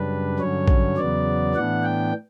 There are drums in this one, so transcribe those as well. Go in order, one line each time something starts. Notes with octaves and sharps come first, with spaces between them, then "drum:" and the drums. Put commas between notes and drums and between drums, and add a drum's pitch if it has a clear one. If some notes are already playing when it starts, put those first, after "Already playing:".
Already playing: F#2 C#3 G3 D4 B4
G2 D3 F#3 C#4 C#5
drum: kick
E2 C#3 F#3 B3 D5
A2 E3 B3 D4 F#5
G5